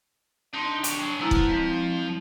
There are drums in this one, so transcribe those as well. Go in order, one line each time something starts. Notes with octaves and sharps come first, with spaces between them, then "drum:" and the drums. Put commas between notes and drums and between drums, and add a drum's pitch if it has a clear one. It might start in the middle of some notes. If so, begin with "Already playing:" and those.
D4 D#4 C6
G4 C#5, drum: hi-hat
F#3 G#4
F3 G#3 B3 E4 A#5
drum: kick
F2